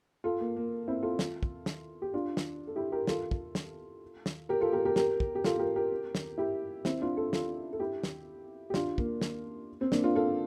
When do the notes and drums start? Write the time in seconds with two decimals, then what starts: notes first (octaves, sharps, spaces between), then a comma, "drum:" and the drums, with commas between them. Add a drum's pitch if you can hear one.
0.24 F4 A4
0.40 A#3
0.56 A#3
0.88 C4 E4
1.03 F4 A4
1.19 drum: snare
1.43 drum: kick
1.66 drum: snare
2.02 G4
2.14 D4 F4
2.37 drum: snare
2.67 A4
2.76 E4 G4
2.92 G4 A#4
3.07 F4 A4, drum: snare
3.31 drum: kick
3.55 drum: snare
4.26 drum: snare
4.49 G4 A#4
4.61 F4 A4
4.72 G4 A#4
4.85 G4 A#4
4.96 G4 A#4, drum: snare
5.20 drum: kick
5.35 G4
5.44 F4 A4, drum: snare
5.59 G4 A#4
5.76 G4 A#4
6.15 drum: snare
6.38 E4 G4
6.85 C4 E4, drum: snare
7.01 D4 F4
7.16 F4 A4
7.33 F4 A4, drum: snare
7.73 A4
7.80 E4 G4
8.03 drum: snare
8.70 G4
8.74 D4 F4, drum: snare
8.98 A#3, drum: kick
9.21 drum: snare
9.81 C4
9.92 A#3 D4, drum: snare
10.04 D4 F4
10.15 F4 A4